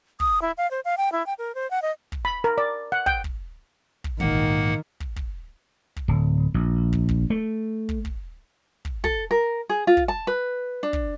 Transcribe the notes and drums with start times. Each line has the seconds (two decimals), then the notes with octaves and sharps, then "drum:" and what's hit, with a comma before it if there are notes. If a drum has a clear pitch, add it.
0.20 D#6, drum: kick
0.42 E4
0.58 F5
0.71 C5
0.85 F5
0.97 G5
1.12 E4
1.26 G5
1.38 A#4
1.55 C5
1.71 F#5
1.82 D#5
2.12 drum: kick
2.25 B5
2.44 A#4
2.58 D5
2.92 F#5
3.06 G5, drum: kick
3.24 drum: kick
4.04 drum: kick
4.20 A#1 G#2 D#3 A#3 F#5, drum: kick
5.00 drum: kick
5.16 drum: kick
5.96 drum: kick
6.08 D1
6.54 A#1
6.93 drum: kick
7.09 drum: kick
7.30 A3
7.89 drum: kick
8.05 drum: kick
8.85 drum: kick
9.04 A4, drum: kick
9.31 A#4
9.69 G#4
9.87 F4
9.97 drum: kick
10.08 A5
10.27 B4
10.83 D4
10.93 drum: kick